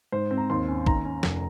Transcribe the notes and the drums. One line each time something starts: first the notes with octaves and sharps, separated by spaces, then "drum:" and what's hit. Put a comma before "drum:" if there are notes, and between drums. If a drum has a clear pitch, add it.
G#2 C5
C4
A#5
D#2 C6
C#4
D#2 A#5, drum: kick
C#4
F1, drum: snare